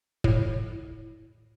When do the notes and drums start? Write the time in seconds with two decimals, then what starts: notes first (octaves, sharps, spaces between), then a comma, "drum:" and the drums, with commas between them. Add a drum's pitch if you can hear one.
0.24 A2, drum: kick